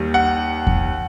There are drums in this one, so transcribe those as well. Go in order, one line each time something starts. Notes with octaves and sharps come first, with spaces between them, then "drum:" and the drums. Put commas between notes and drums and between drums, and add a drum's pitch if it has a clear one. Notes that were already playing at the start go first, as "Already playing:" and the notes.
Already playing: D#2 D#3 G3
F#5
drum: kick E2